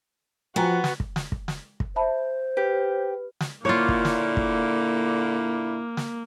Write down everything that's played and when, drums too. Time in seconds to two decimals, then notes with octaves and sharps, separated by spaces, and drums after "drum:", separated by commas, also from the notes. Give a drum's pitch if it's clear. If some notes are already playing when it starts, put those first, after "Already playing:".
0.56 F3 B3 F#4 G5 G#5 A#5
0.84 drum: snare
1.00 drum: kick
1.16 drum: snare
1.32 drum: kick
1.48 drum: snare
1.80 drum: kick
1.96 C5 E5 A5 B5
2.57 G4 B4
3.41 drum: snare
3.65 A#2 D3 A#3 E4 F4 C#5
3.89 drum: kick
4.05 drum: snare
4.37 drum: kick
5.97 drum: snare